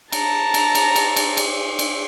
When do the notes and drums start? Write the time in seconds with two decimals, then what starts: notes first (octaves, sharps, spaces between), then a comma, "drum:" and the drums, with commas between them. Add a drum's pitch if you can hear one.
0.12 A5 A#5, drum: cymbal
0.54 drum: cymbal
0.75 drum: cymbal
0.96 drum: cymbal
1.16 drum: cymbal
1.37 drum: cymbal
1.79 drum: cymbal